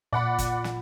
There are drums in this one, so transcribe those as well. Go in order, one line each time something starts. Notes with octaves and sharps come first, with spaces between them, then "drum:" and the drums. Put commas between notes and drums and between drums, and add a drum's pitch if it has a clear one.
A#2 D5 F#5 B5
drum: kick, hi-hat
drum: snare